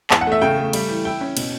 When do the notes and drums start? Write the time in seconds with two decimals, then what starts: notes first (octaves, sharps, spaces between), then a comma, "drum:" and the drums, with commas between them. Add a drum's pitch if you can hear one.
0.10 E2 A5, drum: clap
0.21 F#5
0.27 A3 E5
0.42 C#3 G5
0.58 A3
0.73 G3, drum: cymbal
0.89 E3
1.05 E4 G5
1.21 C#4
1.37 B2, drum: cymbal